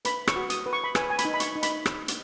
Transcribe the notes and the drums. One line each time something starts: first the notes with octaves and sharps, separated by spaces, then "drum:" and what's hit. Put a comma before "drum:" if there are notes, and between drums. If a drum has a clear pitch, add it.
B4 B5, drum: hi-hat
C#6, drum: rim click
F#4
D#6, drum: hi-hat
B4
C#6
B5
B4 G#5, drum: rim click
G#5
B5, drum: hi-hat
D#4
B5
C#6, drum: hi-hat
D#4
B5, drum: hi-hat
drum: rim click
drum: hi-hat